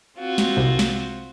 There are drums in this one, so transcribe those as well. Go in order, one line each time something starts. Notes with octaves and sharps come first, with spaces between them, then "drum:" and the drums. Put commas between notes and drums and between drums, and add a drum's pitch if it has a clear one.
C4 F4 F#4
drum: snare
C2
drum: snare